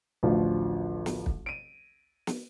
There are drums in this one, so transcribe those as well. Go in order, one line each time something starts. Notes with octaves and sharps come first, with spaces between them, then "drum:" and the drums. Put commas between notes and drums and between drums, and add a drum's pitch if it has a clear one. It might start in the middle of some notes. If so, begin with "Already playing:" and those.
A1 D2 F3 D4 F4 F#4
drum: snare
drum: kick
D7 D#7
drum: snare